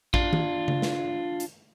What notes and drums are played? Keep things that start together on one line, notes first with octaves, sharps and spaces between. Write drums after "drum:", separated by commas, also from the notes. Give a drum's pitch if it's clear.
D4 F4, drum: kick A1
drum: tom D#3
drum: tom C#3
drum: snare
drum: hi-hat